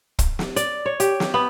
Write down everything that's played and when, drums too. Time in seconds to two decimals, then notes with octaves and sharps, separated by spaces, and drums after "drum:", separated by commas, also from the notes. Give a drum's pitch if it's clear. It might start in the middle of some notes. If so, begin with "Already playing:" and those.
0.19 drum: kick, hi-hat
0.39 drum: snare
0.56 D5, drum: hi-hat
0.86 C#5
1.00 G4, drum: hi-hat
1.20 drum: snare
1.34 B3